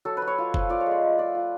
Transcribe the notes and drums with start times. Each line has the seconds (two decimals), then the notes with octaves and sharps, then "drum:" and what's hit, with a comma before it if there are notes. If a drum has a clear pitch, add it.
0.05 F#3 A4
0.17 B4
0.22 F#3
0.27 C#5
0.38 F4
0.54 F3, drum: kick
0.69 F4 D5
0.80 C#5
0.86 G#3 D5
1.02 A3
1.19 F4 D5
1.35 F4